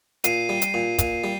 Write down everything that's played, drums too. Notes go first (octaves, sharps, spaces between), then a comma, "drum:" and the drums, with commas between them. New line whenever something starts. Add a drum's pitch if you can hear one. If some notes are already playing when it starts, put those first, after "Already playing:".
A#2 C7 D#7, drum: hi-hat
G3
drum: hi-hat
A#2
A#2, drum: kick, hi-hat
G3